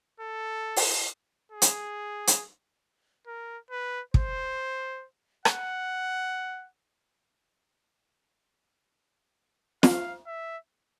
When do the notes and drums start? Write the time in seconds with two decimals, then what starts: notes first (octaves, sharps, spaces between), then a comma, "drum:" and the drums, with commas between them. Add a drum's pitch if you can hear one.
0.20 A4
0.76 drum: open hi-hat
1.52 G#4
1.62 drum: hi-hat
2.27 drum: hi-hat
3.27 A#4
3.71 B4
4.14 C5, drum: kick
5.45 F#5, drum: rim click
9.83 F5, drum: snare
10.27 E5